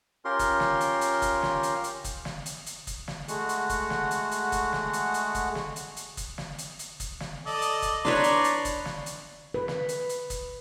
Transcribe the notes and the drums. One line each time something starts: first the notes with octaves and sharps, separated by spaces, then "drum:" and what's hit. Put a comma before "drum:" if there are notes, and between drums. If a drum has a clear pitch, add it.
C#4 F4 G4 A#4 C6
drum: kick F#1, hi-hat
drum: snare
drum: hi-hat
drum: hi-hat
drum: kick F#1, hi-hat
drum: snare
drum: hi-hat
drum: hi-hat
drum: kick F#1, hi-hat
drum: snare
drum: hi-hat
drum: hi-hat
drum: kick F#1, hi-hat
drum: snare
G#3 A3 F#4 F#5, drum: hi-hat
drum: hi-hat
drum: kick F#1, hi-hat
drum: snare
drum: hi-hat
drum: hi-hat
drum: kick F#1, hi-hat
drum: snare
drum: hi-hat
drum: hi-hat
drum: kick F#1, hi-hat
drum: snare
drum: hi-hat
drum: hi-hat
drum: kick F#1, hi-hat
drum: snare
drum: hi-hat
drum: hi-hat
drum: kick F#1, hi-hat
drum: snare
A4 D5 D#5
drum: hi-hat
drum: kick F#1, hi-hat
D4 B4 C#5 D5 A#5 C6, drum: snare
drum: hi-hat
drum: hi-hat
drum: kick F#1, hi-hat
drum: snare
drum: hi-hat
B4
drum: snare
drum: hi-hat
drum: hi-hat
drum: kick F#1, hi-hat